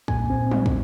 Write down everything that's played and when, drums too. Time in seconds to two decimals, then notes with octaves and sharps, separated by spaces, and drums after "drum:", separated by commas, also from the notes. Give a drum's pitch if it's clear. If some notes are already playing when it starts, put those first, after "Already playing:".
0.08 A#2 G#5, drum: kick
0.30 C4
0.52 drum: tom F#3
0.66 drum: kick